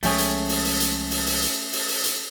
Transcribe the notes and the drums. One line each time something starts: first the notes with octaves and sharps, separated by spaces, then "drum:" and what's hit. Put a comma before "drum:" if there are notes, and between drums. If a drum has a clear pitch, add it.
C2 F3 G#3 A3 C#4 G#4 G5, drum: open hi-hat
drum: hi-hat
drum: open hi-hat
drum: open hi-hat
drum: hi-hat
drum: open hi-hat
drum: open hi-hat
drum: hi-hat
drum: open hi-hat
drum: open hi-hat
drum: hi-hat